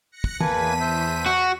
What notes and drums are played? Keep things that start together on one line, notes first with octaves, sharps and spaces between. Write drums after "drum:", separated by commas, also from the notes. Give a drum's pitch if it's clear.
F#6 A#6 C#7
drum: kick
E2 A#3 B4 G#5 A5 B6 D#7, drum: tom
C5 E5
F#4